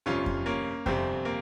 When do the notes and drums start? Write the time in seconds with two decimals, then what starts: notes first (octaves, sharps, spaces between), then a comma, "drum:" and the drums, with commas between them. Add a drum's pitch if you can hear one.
0.06 G1 F2 C3 C#4 F4
0.26 drum: kick F2
0.46 A#3 C#4
0.86 G1 F2 C3 C4, drum: kick F2
1.25 A#3